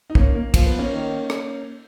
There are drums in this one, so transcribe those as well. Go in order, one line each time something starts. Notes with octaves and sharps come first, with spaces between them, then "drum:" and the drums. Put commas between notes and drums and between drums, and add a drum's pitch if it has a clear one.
D#4
A#3 C#4, drum: kick
A#3
F3, drum: kick, cymbal
B3
A#3 C#4
D#3
drum: rim click